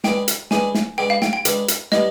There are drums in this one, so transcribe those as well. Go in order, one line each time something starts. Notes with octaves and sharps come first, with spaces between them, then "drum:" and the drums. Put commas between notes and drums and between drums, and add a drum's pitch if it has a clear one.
G#3 D4 G#4 B4 G5, drum: snare
drum: hi-hat
G#3 D4 G#4 B4 G#5, drum: snare
drum: snare
G#3 D4 G#4 B4 G5
F5
G5, drum: snare
G5
G#3 D4 G#4 B4, drum: hi-hat
drum: hi-hat
G3 B3 D4 D#5, drum: snare